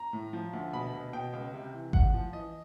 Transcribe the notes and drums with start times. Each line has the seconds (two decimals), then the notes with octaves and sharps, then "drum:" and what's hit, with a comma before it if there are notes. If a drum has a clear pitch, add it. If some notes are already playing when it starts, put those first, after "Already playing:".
Already playing: A#5
0.13 A2
0.33 F3
0.53 D2
0.73 B2 B5
0.93 B2
1.13 B2 G5
1.33 C#2
1.53 C3
1.74 E3
1.93 A2 F#5, drum: kick G#1
2.14 F3
2.33 E3 D#5